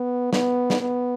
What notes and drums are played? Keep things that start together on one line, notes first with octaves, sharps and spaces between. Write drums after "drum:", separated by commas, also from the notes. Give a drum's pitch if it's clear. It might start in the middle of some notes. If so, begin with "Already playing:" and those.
Already playing: B3
B3, drum: snare
drum: snare
B3